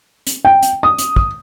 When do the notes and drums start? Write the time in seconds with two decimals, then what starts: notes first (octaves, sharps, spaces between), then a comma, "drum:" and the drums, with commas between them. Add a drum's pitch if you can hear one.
0.27 drum: hi-hat
0.45 G5
0.63 drum: hi-hat
0.83 D#6
0.98 drum: hi-hat
1.16 drum: kick